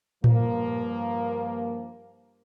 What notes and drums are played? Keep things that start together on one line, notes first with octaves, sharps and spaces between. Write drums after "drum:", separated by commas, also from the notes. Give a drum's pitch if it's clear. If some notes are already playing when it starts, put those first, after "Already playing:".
G2 F3 A#3, drum: tom A2